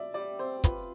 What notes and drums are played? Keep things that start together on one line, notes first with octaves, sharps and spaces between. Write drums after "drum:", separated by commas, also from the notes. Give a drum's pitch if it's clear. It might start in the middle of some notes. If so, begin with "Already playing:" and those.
Already playing: D5 E5
G3 D5
C4 C5
F4 B4, drum: kick, hi-hat